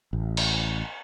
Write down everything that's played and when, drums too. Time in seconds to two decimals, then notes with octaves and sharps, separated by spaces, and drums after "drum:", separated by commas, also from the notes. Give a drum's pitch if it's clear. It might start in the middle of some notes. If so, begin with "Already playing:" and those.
0.13 A1
0.37 drum: cymbal